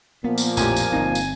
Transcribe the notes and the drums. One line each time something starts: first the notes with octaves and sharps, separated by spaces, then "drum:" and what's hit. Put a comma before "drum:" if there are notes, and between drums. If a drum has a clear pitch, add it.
A#2 F3 A#3 B3
drum: tambourine
A#1 F2 A2 G4 G#5, drum: tambourine
drum: tambourine
G1 C4 D#4
drum: tambourine